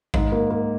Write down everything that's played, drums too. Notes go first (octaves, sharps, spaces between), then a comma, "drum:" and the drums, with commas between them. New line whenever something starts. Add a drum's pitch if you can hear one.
G#2, drum: kick A1
A#3
A#3